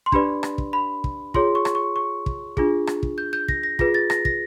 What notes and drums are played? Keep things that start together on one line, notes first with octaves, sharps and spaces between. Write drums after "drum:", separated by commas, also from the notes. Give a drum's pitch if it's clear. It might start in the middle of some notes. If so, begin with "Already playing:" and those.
C6
D4 G4 B4 D5 B5, drum: kick
drum: rim click
drum: kick
B5
drum: kick
F4 G#4 C#5 C6, drum: kick
C#6
drum: rim click
C#6
C#6
drum: kick
D4 F4 G#4, drum: kick
drum: rim click
drum: kick
G6
G6
A#6, drum: kick
A#6
F4 G#4 B4 A#6, drum: kick
A6
A#6, drum: rim click
A#6, drum: kick